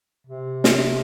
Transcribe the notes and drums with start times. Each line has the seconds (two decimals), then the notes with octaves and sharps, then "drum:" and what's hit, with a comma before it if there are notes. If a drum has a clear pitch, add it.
0.27 C3
0.64 drum: snare